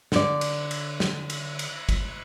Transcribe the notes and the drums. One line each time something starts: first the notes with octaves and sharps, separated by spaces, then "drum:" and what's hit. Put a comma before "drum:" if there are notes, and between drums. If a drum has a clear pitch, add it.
D3 D5, drum: snare
drum: cymbal
drum: cymbal
drum: snare
drum: cymbal
drum: cymbal
drum: kick, cymbal